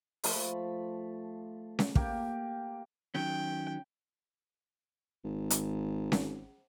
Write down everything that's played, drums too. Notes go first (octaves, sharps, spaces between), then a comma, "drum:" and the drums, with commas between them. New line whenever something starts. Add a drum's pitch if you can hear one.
F3 A3 A5 B5, drum: open hi-hat
drum: snare C#4
A#3 G4, drum: kick
D#3 F#3 C#4 G5
G#1
drum: hi-hat
drum: snare C#4